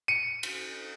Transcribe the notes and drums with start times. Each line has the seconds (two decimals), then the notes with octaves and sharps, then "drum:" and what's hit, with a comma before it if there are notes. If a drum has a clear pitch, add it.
0.08 C#7 D#7
0.43 drum: cymbal